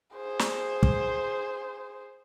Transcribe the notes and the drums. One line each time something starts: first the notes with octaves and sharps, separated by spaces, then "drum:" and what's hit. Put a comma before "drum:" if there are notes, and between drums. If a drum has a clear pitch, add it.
G#4 C5
drum: snare
drum: kick